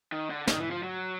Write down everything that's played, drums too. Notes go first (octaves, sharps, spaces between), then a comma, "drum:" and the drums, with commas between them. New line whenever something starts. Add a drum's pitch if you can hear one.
D#3
D3
D#3, drum: snare
E3
F3
F#3